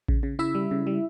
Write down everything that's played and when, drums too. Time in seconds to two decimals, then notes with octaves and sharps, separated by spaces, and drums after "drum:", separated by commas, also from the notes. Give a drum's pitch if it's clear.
0.09 C#3, drum: kick A1
0.23 C#3
0.39 C#3 E4 E5
0.55 G3
0.71 C#3
0.87 G3